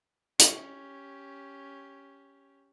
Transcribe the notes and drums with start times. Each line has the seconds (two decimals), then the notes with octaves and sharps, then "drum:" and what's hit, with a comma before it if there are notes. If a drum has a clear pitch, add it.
0.39 C#4 G4, drum: hi-hat